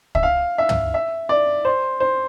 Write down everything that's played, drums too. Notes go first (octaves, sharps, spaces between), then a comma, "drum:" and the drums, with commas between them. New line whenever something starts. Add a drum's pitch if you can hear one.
E5, drum: kick
F5
E5
drum: tom
E5
D5
C5
C5